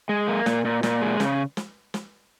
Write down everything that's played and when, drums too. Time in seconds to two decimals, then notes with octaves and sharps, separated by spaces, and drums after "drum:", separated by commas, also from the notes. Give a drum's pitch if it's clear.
0.09 G#3
0.28 A#3
0.46 A#2, drum: snare
0.65 A#2
0.83 A#2, drum: snare
1.01 G#3
1.20 C#3, drum: snare
1.57 drum: snare
1.94 drum: snare